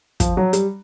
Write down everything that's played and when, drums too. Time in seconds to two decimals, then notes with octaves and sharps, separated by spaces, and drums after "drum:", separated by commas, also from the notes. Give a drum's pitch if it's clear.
0.20 F3, drum: kick, hi-hat
0.37 F#3
0.53 G3, drum: hi-hat